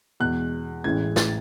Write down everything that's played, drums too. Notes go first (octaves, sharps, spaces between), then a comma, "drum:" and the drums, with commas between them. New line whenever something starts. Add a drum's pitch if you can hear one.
E2 B2 G#3 F#6
A1 A2 E3 G#3 C#4 G#6
A6, drum: snare